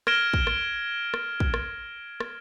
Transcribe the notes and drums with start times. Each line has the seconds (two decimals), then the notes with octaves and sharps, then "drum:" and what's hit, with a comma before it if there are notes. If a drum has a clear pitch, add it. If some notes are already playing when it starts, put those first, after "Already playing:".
0.07 F6 G#6 A#6 D7 E7 G7, drum: rim click
0.34 drum: kick
0.47 drum: rim click
1.14 drum: rim click
1.40 drum: kick
1.54 drum: rim click
2.20 drum: rim click